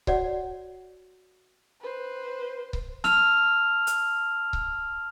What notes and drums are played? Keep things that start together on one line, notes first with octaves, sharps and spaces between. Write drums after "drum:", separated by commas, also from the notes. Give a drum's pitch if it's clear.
F#4 C#5 D5 F#5, drum: kick C#1
B4 C5
drum: kick C#1
A5 E6 F6 F7, drum: snare
drum: hi-hat
drum: kick C#1